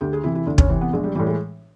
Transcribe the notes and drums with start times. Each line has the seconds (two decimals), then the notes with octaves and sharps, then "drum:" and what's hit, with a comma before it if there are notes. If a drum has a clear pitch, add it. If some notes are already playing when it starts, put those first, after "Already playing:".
0.01 D2 G4
0.13 G#4
0.23 C3 E3 E4
0.35 E4
0.47 D2 D4
0.58 C#4, drum: kick
0.69 C3 E3 C4
0.81 B3
0.93 A#1 G#3
1.03 G3
1.15 A2 E3 G3
1.26 G#3